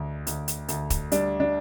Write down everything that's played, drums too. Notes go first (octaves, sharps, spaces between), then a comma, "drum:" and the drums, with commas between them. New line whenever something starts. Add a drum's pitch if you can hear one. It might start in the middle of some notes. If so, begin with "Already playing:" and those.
Already playing: D2
D2, drum: hi-hat
drum: hi-hat
D2, drum: hi-hat
drum: kick, hi-hat
G3 D4, drum: hi-hat
D4